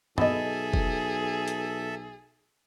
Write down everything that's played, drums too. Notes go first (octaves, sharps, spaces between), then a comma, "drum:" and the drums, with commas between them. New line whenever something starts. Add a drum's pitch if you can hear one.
B1 B3 G#4 A4 D#5 E5, drum: tom
drum: kick F1
drum: hi-hat